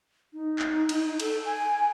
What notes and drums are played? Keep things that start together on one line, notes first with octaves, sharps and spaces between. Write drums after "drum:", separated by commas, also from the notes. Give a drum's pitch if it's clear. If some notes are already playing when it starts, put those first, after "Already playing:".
D#4
drum: clap
drum: cymbal
A4, drum: cymbal
G#5